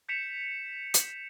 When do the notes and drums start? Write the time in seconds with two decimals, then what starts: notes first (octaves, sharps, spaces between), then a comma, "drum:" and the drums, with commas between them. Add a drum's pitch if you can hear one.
0.09 G6 B6 C#7 E7 F7
0.94 drum: hi-hat